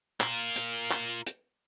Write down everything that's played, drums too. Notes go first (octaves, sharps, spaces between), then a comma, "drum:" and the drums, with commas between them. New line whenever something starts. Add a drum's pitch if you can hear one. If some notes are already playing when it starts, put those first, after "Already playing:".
F4 A#4, drum: clap
drum: hi-hat
drum: clap
drum: hi-hat